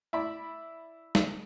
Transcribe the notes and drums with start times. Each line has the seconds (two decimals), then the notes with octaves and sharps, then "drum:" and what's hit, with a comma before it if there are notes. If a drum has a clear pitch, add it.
0.13 E4 D5 B5
1.15 drum: snare